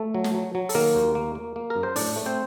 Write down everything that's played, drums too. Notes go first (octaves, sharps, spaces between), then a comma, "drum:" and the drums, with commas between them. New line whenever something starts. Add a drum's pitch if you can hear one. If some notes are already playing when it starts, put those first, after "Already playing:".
Already playing: A3 A4
F#3
drum: snare
F#3
F#3
A4, drum: open hi-hat
D#3 A#3 A#4
D#2
A#3
A#3
A#3
A#4
F#2
C5
A2 D4 D5, drum: open hi-hat
A3
C4 C5